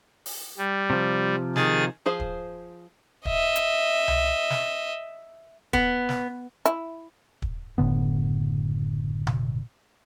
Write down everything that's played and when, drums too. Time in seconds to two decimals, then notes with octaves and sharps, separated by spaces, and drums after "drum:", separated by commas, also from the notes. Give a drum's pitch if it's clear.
0.26 drum: open hi-hat
0.58 G3
0.90 C3 F3
1.56 D#3 G#4 A6, drum: snare
2.06 F3 G#4 C5 F5
2.20 drum: kick
3.25 D#5 E5, drum: kick
3.56 drum: hi-hat
4.08 drum: tom C2
4.50 drum: snare
5.73 B3, drum: kick
6.09 drum: snare
6.66 E4, drum: hi-hat
7.42 drum: kick
7.78 F#1 A2 D3 B3
9.27 drum: tom B2